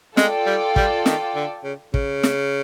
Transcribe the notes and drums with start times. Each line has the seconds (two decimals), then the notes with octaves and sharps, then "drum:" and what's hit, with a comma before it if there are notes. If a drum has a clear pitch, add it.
0.17 G#3 F4 A4 D5 G5, drum: snare
0.46 G3
0.76 G3, drum: kick
1.06 D#3, drum: snare
1.35 D3
1.64 C#3
1.94 C#3, drum: kick
2.23 drum: snare